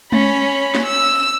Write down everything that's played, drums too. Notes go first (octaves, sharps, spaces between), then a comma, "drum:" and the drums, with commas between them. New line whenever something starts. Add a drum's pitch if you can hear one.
C#4 B5, drum: tom G#3
drum: snare
E6